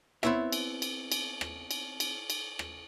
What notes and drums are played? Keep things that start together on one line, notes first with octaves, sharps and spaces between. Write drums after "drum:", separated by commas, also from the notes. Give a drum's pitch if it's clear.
B3 C4 E4 C#5 E5, drum: rim click
drum: cymbal
drum: cymbal
drum: cymbal
drum: rim click
drum: cymbal
drum: cymbal
drum: cymbal
drum: rim click